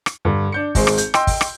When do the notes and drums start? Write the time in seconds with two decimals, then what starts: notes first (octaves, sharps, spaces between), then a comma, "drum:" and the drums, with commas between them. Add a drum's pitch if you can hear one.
0.06 drum: rim click
0.25 G2 D3
0.52 D4 G6 C#7
0.75 G#1 G#3 G#4 C5, drum: kick, open hi-hat
0.87 drum: rim click
0.98 G6, drum: hi-hat
1.14 D#5 G5 C6 E6, drum: rim click
1.27 drum: kick, open hi-hat
1.41 drum: rim click